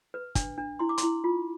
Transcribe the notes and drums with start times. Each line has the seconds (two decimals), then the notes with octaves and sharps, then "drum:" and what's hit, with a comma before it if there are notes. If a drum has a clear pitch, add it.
0.14 B4
0.35 D4, drum: kick, hi-hat
0.58 D4
0.79 E4 C6
0.89 D6
0.98 C6, drum: hi-hat
1.03 E4
1.24 F4